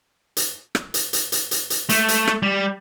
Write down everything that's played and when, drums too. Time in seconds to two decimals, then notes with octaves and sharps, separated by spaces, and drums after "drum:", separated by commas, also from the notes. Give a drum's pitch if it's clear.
0.37 drum: hi-hat
0.75 drum: rim click
0.94 drum: hi-hat
1.13 drum: hi-hat
1.32 drum: hi-hat
1.51 drum: hi-hat
1.70 drum: hi-hat
1.89 A3, drum: hi-hat
2.08 drum: hi-hat
2.28 drum: rim click
2.42 G3